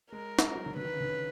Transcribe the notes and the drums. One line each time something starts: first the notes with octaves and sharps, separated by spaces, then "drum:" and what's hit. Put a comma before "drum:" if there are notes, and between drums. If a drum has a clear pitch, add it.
G#3 A#4
drum: snare
F#3
D3
D3 B4
D#3
C#3
D3
C#3